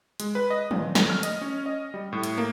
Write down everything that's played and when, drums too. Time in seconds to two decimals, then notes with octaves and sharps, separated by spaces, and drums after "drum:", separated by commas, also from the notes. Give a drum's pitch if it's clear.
0.20 G#3, drum: hi-hat
0.35 B4
0.50 D#5
0.71 A#2, drum: tom D#3
0.95 A3, drum: snare
1.10 F6
1.23 D#5, drum: hi-hat
1.42 C#4
1.66 D#5
1.94 G3
2.13 A2
2.23 drum: hi-hat
2.38 A#3